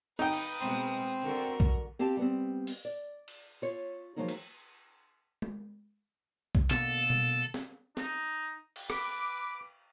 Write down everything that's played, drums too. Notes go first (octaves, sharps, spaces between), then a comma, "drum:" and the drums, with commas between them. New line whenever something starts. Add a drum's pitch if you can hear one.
D#4 B4 G5 D#6, drum: snare
drum: cymbal
B2 G#3 C4
D3 F#4 A#4
drum: kick
C4 G4 F5 A5
G3 B3 C4
drum: open hi-hat
D5
drum: cymbal
F4 C#5
F3 F#3 G#3 A#3 D#4
drum: cymbal
drum: tom G#3
drum: kick
B2 D3 A#3 A4, drum: clap
drum: tom B2
drum: snare
D#4, drum: snare
drum: cymbal
B4 D6, drum: rim click